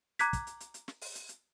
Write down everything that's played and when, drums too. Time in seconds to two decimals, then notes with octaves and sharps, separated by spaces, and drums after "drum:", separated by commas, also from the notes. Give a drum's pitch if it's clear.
0.19 A#5 D6 F#6 G#6 B6, drum: hi-hat
0.33 drum: kick, hi-hat
0.47 drum: hi-hat
0.60 drum: hi-hat
0.74 drum: hi-hat
0.88 drum: snare
1.01 drum: open hi-hat
1.15 drum: hi-hat
1.29 drum: hi-hat